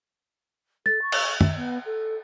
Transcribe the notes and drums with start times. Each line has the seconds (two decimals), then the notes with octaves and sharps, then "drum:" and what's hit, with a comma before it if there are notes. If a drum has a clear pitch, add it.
0.86 A4 A6
1.01 C#6
1.12 drum: cymbal
1.41 E5, drum: tom
1.56 B3
1.85 A4